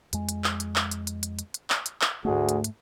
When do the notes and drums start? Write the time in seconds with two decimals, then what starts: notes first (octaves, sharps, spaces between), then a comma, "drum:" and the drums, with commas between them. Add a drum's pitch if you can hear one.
0.13 F2 G#3, drum: hi-hat
0.29 drum: hi-hat
0.44 drum: clap
0.60 drum: hi-hat
0.76 drum: clap
0.91 drum: hi-hat
1.07 drum: hi-hat
1.23 drum: hi-hat
1.39 drum: hi-hat
1.54 drum: hi-hat
1.70 drum: clap
1.86 drum: hi-hat
2.01 drum: clap
2.25 D2 G#2 A3 F#4 G#4
2.49 drum: hi-hat
2.64 drum: hi-hat